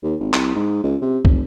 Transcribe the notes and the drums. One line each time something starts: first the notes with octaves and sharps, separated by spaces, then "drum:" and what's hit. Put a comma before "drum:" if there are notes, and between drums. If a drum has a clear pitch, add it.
D#2
G#1
C2, drum: clap
G#2
C#2
C3
F1, drum: kick